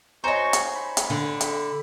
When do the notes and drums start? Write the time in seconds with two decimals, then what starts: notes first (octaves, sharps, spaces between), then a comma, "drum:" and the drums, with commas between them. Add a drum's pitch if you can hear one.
0.24 D#4 F#4 C5 C#5 G#5 A#5 C#6
0.53 drum: hi-hat
0.75 B5
0.97 drum: hi-hat
1.10 D3
1.41 drum: hi-hat